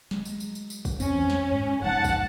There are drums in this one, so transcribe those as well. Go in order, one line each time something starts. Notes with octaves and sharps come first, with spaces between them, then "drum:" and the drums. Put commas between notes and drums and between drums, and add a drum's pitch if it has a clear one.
F#3 G#3, drum: snare
drum: tambourine
drum: tambourine
drum: tambourine
drum: tambourine
drum: kick, tambourine
F2 C4 C#4, drum: tambourine
drum: tom D#3
drum: snare
G#2
F1 G#2 F3 F#5 A5
drum: kick, tambourine